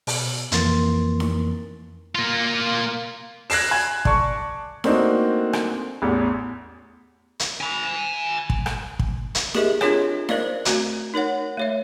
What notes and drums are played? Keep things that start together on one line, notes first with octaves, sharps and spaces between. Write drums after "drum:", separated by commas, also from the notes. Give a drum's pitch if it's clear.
B2, drum: open hi-hat
F2 E3 A#3 A#4 C6 A6, drum: hi-hat
drum: snare D#4
A#3 F4
F#6 G#6 A#6 C7 E7, drum: open hi-hat
G#5 G#6
D5 A5 C#6, drum: kick
A3 A#3 C4 D4 D#4 F#4, drum: snare D#4
drum: rim click
A1 E2
drum: hi-hat
G#5 B5
drum: kick
drum: rim click
drum: kick
drum: hi-hat
G4 G#4 A#4 D#5 E5, drum: snare D#4
C4 D4 F4 G#4 C#5, drum: rim click
A#4 C5 D5 D#5 F5, drum: snare D#4
A3 C4 F#4 A#5, drum: hi-hat
D#4 A#4 C#5 F#5
A3 C#5 E5